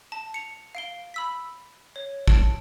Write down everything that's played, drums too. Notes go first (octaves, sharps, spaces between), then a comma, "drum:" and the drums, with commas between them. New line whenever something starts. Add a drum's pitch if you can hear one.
A5
C#7 F7
F5 D7 G7
B5 E6 B6
C#5
A5 D7, drum: kick